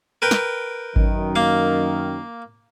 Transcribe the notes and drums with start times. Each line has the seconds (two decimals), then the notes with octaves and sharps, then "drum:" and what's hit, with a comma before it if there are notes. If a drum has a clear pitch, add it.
0.22 A#4 B4 G5
0.31 drum: snare
0.96 F#2 D#3, drum: kick G#1
1.36 A#3 F5